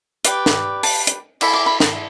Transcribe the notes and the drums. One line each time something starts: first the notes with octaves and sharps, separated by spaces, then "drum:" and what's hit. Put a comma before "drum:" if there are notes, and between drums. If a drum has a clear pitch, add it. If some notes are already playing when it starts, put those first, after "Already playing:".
G4 B4 D5, drum: hi-hat
drum: snare
A5, drum: open hi-hat
drum: hi-hat
E4 A4 D5 B5, drum: cymbal
D6
B5
drum: snare